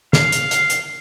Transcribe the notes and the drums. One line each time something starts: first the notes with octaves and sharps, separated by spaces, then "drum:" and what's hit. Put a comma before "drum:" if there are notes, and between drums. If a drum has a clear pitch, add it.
F5, drum: snare
drum: hi-hat
drum: hi-hat
drum: hi-hat